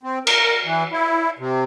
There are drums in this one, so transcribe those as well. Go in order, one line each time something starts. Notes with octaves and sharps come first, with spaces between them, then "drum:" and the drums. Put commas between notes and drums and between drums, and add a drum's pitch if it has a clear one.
C4
A#4, drum: cymbal
E3
E4
C3